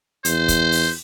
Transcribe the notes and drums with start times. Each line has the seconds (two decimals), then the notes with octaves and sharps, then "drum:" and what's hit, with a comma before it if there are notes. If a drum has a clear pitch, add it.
0.25 E2 C5, drum: hi-hat
0.48 drum: kick, hi-hat
0.72 drum: open hi-hat